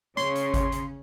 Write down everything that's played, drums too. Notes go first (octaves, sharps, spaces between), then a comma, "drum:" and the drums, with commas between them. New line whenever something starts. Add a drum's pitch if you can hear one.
C#3 C#4 C#5 C6, drum: snare
drum: hi-hat
drum: kick G#1, hi-hat
drum: hi-hat